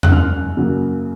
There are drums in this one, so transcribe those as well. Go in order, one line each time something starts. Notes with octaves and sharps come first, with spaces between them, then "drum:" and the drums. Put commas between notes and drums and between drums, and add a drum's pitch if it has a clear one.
F#6, drum: tom E2
F#2 F6
C#3 F#3 A#3